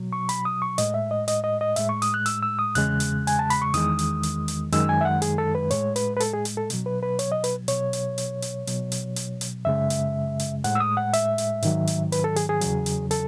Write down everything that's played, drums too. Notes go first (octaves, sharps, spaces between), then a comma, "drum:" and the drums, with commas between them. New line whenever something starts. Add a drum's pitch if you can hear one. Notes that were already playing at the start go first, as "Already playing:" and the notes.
Already playing: B2 F#3
C#6
B5, drum: hi-hat
D#6
C#6
A2 G#3 D#5, drum: hi-hat
E5
D#5
D#5, drum: hi-hat
D#5
D#5
A2 G#3 E5, drum: hi-hat
C#6
D#6, drum: hi-hat
F#6
E6, drum: hi-hat
E6
D#6
E2 C#3 G#3 F#6, drum: hi-hat
drum: hi-hat
G#5, drum: hi-hat
A5
B5, drum: hi-hat
C#6
E2 D#3 G#3 D#6, drum: hi-hat
drum: hi-hat
drum: hi-hat
drum: hi-hat
F#2 D#3 G#3 E6, drum: hi-hat
G#5
E5
F#5
G#4, drum: hi-hat
A4
B4
A2 G#3 C#5, drum: hi-hat
B4, drum: hi-hat
B4
A4, drum: hi-hat
G#4
drum: hi-hat
A4
B2 F#3, drum: hi-hat
B4
B4
C#5, drum: hi-hat
D#5
B4, drum: hi-hat
B2 F#3 C#5, drum: hi-hat
drum: hi-hat
drum: hi-hat
drum: hi-hat
B2 F#3, drum: hi-hat
drum: hi-hat
drum: hi-hat
drum: hi-hat
F#2 C#3 G#3 E5
drum: hi-hat
drum: hi-hat
A2 G#3 F#5, drum: hi-hat
E6
D#6
F#5
E5, drum: hi-hat
drum: hi-hat
G#2 D#3 F#3, drum: hi-hat
drum: hi-hat
B4, drum: hi-hat
A4
G#4, drum: hi-hat
G#4
E2 C#3 F#3, drum: hi-hat
drum: hi-hat
A4, drum: hi-hat